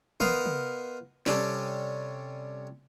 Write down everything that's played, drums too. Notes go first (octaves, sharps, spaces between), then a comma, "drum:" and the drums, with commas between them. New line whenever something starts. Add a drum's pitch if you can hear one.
B3 A#4 C5 D#5 F5, drum: tom
drum: tom
C3 G3 C#4 G4 A4, drum: snare